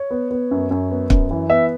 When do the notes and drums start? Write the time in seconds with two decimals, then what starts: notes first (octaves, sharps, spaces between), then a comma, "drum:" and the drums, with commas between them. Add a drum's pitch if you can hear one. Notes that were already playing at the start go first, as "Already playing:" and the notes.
Already playing: C#5
0.11 B3
0.31 B3
0.51 F#2
0.71 F#2
0.91 B3
1.10 F#2, drum: kick
1.31 E3
1.50 B3 E5